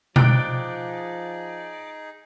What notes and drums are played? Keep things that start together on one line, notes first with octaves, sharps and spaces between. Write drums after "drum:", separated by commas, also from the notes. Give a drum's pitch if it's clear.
F3 D#4 G#4 D5 G5 F#6 D7, drum: tom B2